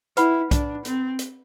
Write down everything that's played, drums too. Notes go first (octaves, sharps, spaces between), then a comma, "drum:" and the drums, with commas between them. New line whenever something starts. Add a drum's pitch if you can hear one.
E4 B4 F#5 B5, drum: hi-hat
D4, drum: kick, hi-hat
C4, drum: hi-hat
drum: hi-hat